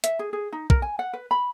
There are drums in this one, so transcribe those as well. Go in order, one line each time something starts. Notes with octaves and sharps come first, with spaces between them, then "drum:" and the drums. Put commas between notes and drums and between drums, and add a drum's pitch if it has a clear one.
E5, drum: hi-hat
G#4
G#4
D#4
A#4, drum: kick
G#5
F#5
B4
B5